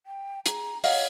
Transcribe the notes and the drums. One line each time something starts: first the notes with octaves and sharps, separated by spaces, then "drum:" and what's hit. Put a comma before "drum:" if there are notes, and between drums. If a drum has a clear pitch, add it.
G5
G#4 A#5, drum: hi-hat
C#5 D#5 F5 F#5, drum: open hi-hat